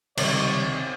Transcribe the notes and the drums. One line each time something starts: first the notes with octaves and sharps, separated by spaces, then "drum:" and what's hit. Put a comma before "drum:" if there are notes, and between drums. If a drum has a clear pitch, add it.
C#2 C3 D#3 G3 C4 C#5, drum: cymbal